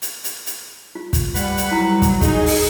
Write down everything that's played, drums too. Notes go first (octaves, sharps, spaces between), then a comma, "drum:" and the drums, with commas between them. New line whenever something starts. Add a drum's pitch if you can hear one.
drum: hi-hat
drum: hi-hat
drum: hi-hat
F4
drum: kick, hi-hat
G3 A3 B4 F#5, drum: hi-hat
drum: hi-hat
F#3 E4 A#5
drum: kick, hi-hat
D#4 G#4, drum: kick, hi-hat
drum: open hi-hat